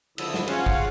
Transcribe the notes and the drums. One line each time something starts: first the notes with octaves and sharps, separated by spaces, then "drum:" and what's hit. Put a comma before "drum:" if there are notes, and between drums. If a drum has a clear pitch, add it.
C#2 D3 F3 E4 D#6 E6, drum: cymbal
drum: snare
C#4 F4 G#4 C5 F5 F#5, drum: cymbal
drum: kick